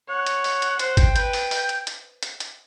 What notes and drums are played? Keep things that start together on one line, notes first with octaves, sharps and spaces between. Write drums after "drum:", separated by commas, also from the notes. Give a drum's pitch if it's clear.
C#5 F#5
drum: hi-hat
drum: open hi-hat
drum: hi-hat
C5 F#5, drum: hi-hat
G5, drum: kick, hi-hat
B4 G5, drum: hi-hat
drum: open hi-hat
drum: open hi-hat
drum: hi-hat
drum: hi-hat
drum: hi-hat
drum: hi-hat